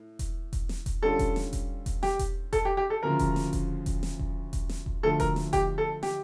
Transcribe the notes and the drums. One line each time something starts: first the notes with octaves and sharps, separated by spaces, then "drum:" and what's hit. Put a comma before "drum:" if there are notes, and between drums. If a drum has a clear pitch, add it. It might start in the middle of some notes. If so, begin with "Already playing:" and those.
Already playing: A2
drum: kick E1, hi-hat
drum: kick E1, hi-hat
drum: snare
drum: kick E1, hi-hat
D3 G3 C#4 F4 A4
drum: kick E1, hi-hat
drum: snare
drum: kick E1, hi-hat
drum: kick E1, hi-hat
G4, drum: snare
drum: kick E1, hi-hat
A4, drum: kick E1, hi-hat
G4
G4
A4
D2 C#3 F3 A#4
drum: kick E1, hi-hat
drum: snare
drum: kick E1, hi-hat
drum: kick E1, hi-hat
drum: snare
drum: kick E1
drum: kick E1, hi-hat
drum: snare
drum: kick E1
D2 D3 F3 A3 A4
A#4, drum: kick E1, hi-hat
drum: snare
G4, drum: kick E1, hi-hat
A4
G4, drum: snare